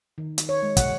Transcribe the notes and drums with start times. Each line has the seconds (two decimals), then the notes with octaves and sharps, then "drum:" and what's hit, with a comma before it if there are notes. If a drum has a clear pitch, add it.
0.18 D#3
0.38 drum: hi-hat
0.49 C#5
0.63 G#3
0.77 F#5, drum: kick, hi-hat